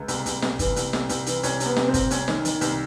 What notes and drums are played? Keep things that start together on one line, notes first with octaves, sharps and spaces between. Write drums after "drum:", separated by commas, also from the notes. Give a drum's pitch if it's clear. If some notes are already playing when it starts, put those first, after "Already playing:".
Already playing: C#2
C2, drum: hi-hat
C2, drum: hi-hat
C2, drum: snare
E3, drum: kick G1, hi-hat
C2, drum: hi-hat
C2, drum: snare
C2, drum: hi-hat
E3, drum: hi-hat
C2 C#4, drum: hi-hat
C3, drum: hi-hat
B3
C2, drum: snare
C4
C2, drum: kick G1, hi-hat
C2 C#4, drum: hi-hat
D#3, drum: snare
D#3, drum: hi-hat
C2, drum: hi-hat